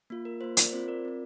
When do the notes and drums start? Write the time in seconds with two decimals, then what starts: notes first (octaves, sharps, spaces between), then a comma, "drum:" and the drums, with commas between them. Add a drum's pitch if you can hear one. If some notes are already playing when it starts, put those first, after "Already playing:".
0.10 A#3 F4
0.25 A#4
0.41 A#3 F4 C5
0.57 A#4 D5, drum: hi-hat
0.72 C4 F4 C5
0.88 A#4 D5
1.05 C4 F4